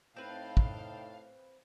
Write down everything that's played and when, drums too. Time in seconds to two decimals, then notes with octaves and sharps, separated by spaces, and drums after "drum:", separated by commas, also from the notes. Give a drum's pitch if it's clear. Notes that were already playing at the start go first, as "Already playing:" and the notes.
0.16 A2 C4 D#4 B4 F5 G5 A5
0.57 drum: kick